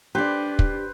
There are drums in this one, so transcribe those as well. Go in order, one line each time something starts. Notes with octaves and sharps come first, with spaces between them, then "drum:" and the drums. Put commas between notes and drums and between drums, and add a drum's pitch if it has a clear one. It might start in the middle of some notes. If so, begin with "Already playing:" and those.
D4 G4 B4 C5 D5
drum: kick